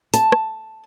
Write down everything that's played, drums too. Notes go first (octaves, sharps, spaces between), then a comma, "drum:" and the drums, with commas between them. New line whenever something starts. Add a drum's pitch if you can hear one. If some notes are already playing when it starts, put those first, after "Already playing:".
A5, drum: hi-hat
drum: rim click